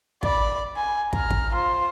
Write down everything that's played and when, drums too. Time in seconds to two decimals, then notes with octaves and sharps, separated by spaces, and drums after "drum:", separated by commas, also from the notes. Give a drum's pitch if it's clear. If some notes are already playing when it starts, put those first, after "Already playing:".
0.23 D5 B5, drum: kick
0.76 G#5
1.13 A#5 F6, drum: kick
1.30 drum: kick
1.53 F4 C5